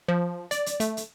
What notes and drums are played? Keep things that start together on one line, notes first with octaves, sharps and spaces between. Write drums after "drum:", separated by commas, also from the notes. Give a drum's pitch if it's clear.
F3
D5, drum: hi-hat
drum: hi-hat
A3, drum: hi-hat
drum: hi-hat